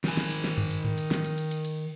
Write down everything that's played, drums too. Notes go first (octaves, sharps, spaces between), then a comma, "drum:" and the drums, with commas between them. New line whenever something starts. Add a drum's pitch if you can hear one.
D#3 G#5, drum: snare
drum: snare
drum: cymbal
drum: snare
drum: tom F#2
drum: cymbal
drum: tom G#2
drum: cymbal
drum: snare
drum: cymbal
drum: cymbal
drum: cymbal
drum: cymbal